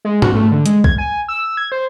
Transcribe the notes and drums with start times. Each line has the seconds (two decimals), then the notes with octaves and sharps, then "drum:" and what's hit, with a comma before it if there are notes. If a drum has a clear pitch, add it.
0.05 G#3
0.22 F#4, drum: tom G#2
0.35 A3
0.51 D3
0.66 G#3, drum: hi-hat
0.84 G#6, drum: kick
0.98 G#5
1.28 E6
1.57 G#6
1.72 C5